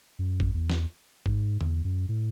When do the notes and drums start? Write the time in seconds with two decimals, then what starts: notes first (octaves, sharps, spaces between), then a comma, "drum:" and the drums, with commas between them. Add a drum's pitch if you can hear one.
0.19 F#2
0.40 drum: kick G#1
0.54 E2
0.70 drum: snare
1.26 G#2, drum: kick G#1
1.61 E2, drum: tom D3
1.84 F#2
2.09 A2